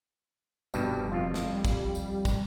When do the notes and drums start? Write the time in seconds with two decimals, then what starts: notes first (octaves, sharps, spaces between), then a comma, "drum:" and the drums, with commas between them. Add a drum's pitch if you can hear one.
0.74 F1 G2 B2 G3, drum: tambourine
1.12 F2 F4
1.34 drum: snare
1.46 G3
1.65 drum: kick, tambourine
1.95 drum: tambourine
2.25 drum: kick, tambourine